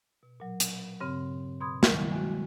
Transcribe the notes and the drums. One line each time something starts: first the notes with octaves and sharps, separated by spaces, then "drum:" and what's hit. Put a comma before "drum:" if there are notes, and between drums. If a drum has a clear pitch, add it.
B2
A#2 F#3
drum: hi-hat
G2 C#3 C4
B2 B5 C6 D#6 G#6
D#3 F#3 G3 A#3 E4, drum: snare
G#3 F#4